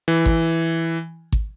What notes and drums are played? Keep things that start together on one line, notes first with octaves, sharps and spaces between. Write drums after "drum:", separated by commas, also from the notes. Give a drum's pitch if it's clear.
E3
drum: kick G#1
drum: kick G#1